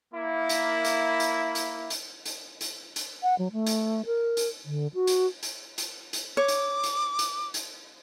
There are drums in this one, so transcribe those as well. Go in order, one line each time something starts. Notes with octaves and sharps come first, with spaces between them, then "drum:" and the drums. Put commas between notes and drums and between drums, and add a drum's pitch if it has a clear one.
A#3 E4
drum: hi-hat
drum: hi-hat
drum: hi-hat
drum: hi-hat
drum: hi-hat
drum: hi-hat
drum: hi-hat
drum: hi-hat
F#5
F#3
A3
drum: hi-hat
A#4
drum: hi-hat
D3
F#4
drum: hi-hat
drum: hi-hat
drum: hi-hat
drum: hi-hat
C#5 D6
drum: hi-hat
drum: hi-hat
drum: hi-hat
drum: hi-hat